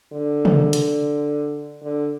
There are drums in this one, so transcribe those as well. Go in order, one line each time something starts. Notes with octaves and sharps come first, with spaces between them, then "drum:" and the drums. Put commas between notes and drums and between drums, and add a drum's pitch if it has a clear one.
D3
drum: tom
drum: hi-hat
D3